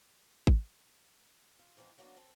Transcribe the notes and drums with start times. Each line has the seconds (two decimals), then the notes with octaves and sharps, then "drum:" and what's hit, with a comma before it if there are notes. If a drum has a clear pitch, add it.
0.47 drum: kick G#1
1.59 F4
1.77 G#2 E3 F3 C4 D#4
1.98 F#2 F#3 A#3 B3 D4
2.17 C4 A4